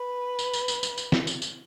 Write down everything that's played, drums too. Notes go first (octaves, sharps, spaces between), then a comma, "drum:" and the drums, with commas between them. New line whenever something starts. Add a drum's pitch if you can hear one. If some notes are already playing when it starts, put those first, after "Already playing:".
Already playing: B4
drum: tambourine
drum: tambourine
drum: tambourine
drum: tambourine
drum: tambourine
drum: snare
drum: tambourine
drum: tambourine